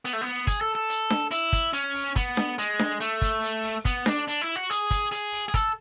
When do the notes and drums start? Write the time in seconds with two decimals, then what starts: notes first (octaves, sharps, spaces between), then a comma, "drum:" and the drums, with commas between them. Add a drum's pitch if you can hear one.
0.05 B3, drum: hi-hat
0.13 A3
0.21 B3
0.47 G#4, drum: kick, hi-hat
0.61 A4
0.75 A4
0.89 drum: hi-hat
1.10 drum: snare D4
1.31 E4, drum: hi-hat
1.53 drum: kick, hi-hat
1.73 C#4, drum: hi-hat
1.95 drum: open hi-hat
2.16 B3, drum: kick, hi-hat
2.37 drum: snare D4
2.58 G#3, drum: hi-hat
2.79 drum: snare D4
3.00 A3, drum: hi-hat
3.22 drum: kick, hi-hat
3.43 drum: hi-hat
3.64 drum: open hi-hat
3.85 B3, drum: kick, hi-hat
4.06 D4, drum: snare D4
4.28 D4, drum: hi-hat
4.41 E4
4.56 F#4
4.70 G#4, drum: hi-hat
4.91 drum: kick, hi-hat
5.12 G#4, drum: hi-hat
5.33 drum: open hi-hat
5.48 G#4
5.54 A4, drum: kick, hi-hat